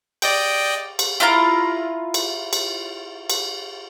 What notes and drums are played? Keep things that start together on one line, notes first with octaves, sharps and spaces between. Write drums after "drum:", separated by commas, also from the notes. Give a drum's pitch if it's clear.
D5 D#5 G5, drum: cymbal
drum: cymbal
E4 F4 F5 A#5
drum: cymbal
drum: cymbal
drum: cymbal